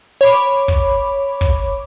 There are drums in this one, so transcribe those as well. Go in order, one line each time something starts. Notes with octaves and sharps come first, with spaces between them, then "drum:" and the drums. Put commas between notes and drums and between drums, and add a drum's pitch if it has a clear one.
C#5 B5 D6
drum: kick
drum: kick